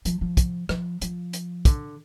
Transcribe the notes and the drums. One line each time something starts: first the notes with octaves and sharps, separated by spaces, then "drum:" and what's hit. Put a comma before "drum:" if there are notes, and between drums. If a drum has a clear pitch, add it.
F3, drum: hi-hat
F3
drum: kick, hi-hat
F3, drum: rim click
F3, drum: hi-hat
drum: hi-hat
D3, drum: kick, hi-hat